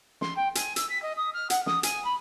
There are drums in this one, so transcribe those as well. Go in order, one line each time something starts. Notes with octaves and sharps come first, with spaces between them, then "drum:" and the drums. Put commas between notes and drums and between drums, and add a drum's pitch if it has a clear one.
C6, drum: snare
G5
G#5, drum: hi-hat
E6, drum: hi-hat
B6
D#5
D#6
F6
F#5, drum: hi-hat
D#6, drum: snare
G#5, drum: hi-hat
B5